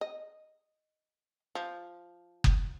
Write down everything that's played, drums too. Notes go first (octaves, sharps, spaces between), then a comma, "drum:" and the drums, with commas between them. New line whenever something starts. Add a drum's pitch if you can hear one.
D#5
F3
drum: kick F#1